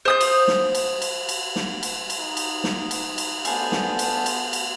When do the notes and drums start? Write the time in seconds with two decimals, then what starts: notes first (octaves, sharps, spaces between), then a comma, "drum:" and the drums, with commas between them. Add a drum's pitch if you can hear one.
0.05 C5 D#6 G6
0.21 drum: cymbal
0.48 drum: snare
0.75 drum: cymbal
1.02 drum: cymbal
1.29 drum: cymbal
1.56 drum: snare
1.83 drum: cymbal
2.10 drum: cymbal
2.19 D#4
2.37 drum: cymbal
2.64 drum: snare
2.91 drum: cymbal
3.18 drum: cymbal
3.45 A3 B3 D4 F4 G#4 C5, drum: cymbal
3.72 drum: snare
3.99 drum: cymbal
4.26 drum: cymbal
4.53 drum: cymbal